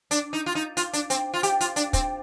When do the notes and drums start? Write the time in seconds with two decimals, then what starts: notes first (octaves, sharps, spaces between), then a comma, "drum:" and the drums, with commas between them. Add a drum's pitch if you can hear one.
0.11 D4, drum: hi-hat
0.33 D#4
0.46 F4
0.55 D#4
0.77 F4, drum: hi-hat
0.93 D4, drum: hi-hat
1.10 C4, drum: hi-hat
1.34 F4
1.43 G4, drum: hi-hat
1.61 F4, drum: hi-hat
1.76 D4, drum: hi-hat
1.93 C4, drum: kick, hi-hat